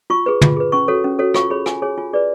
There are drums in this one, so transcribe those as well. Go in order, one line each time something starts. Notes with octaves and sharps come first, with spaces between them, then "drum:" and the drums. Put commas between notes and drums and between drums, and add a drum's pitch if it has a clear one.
F4 C#6
G#4 B4
F4, drum: tom
G#4 B4
C#4 C#6
F#4 A4 C#5
C#4
F#4 A4 C#5
F4 C#6, drum: rim click
G#4 C#5 B5
F4 G#5, drum: rim click
G#4 C#5 G#5
F4 G#5
G#4 B4 D5